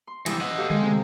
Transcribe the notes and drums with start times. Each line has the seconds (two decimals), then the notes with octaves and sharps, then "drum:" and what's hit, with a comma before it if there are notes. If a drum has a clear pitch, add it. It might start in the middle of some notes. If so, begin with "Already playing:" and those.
0.07 C6
0.26 E3 G3 D#6 E6, drum: cymbal
0.41 D#5 F#5
0.58 G4 A4 F5
0.70 G#3, drum: tom D3
0.82 C3 C4